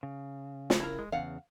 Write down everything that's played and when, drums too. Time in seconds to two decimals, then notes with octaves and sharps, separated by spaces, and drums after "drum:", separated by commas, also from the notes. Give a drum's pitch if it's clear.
0.03 C#3
0.70 drum: snare
0.80 E4 A#4
0.99 G#3
1.12 E2 C#3 F5 F#5